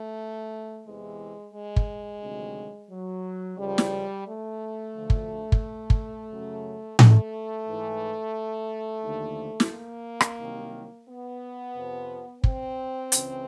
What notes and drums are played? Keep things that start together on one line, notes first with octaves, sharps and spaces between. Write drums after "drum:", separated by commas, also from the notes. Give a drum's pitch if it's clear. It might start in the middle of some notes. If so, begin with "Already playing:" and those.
Already playing: A3
E2 C3 E3 G#3
G#3
drum: kick
D2 C3 D#3 F#3
F#3
C#2 C#3 F3 G3
drum: snare
A3
D2 D3 F3
drum: kick
drum: kick
drum: kick
F#2 C#3 F#3
A3, drum: tom A2
G#2 E3
D#2 D3 F3
drum: snare
A#3
drum: rim click
C2 C3 D#3 F#3
B3
F2 C3 F3
C4, drum: kick
C#2 C#3 E3, drum: hi-hat